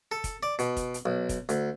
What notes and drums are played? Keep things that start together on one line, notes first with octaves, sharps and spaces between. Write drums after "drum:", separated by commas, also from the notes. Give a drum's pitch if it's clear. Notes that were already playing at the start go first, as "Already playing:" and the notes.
A4
drum: kick, hi-hat
D5
B2, drum: hi-hat
drum: kick, hi-hat
drum: hi-hat
B1
drum: kick, hi-hat
D2, drum: hi-hat